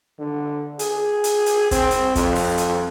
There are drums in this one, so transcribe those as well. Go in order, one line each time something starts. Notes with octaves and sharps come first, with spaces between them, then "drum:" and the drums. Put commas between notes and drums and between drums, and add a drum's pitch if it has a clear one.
D3
G#4, drum: hi-hat
drum: hi-hat
drum: hi-hat
C4, drum: kick, hi-hat
drum: hi-hat
F2, drum: kick, hi-hat
drum: open hi-hat
drum: hi-hat